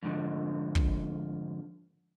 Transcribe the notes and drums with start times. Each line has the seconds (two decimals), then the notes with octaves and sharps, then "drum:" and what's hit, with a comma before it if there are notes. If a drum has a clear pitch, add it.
0.03 F2 G#2 D3 F3
0.75 drum: kick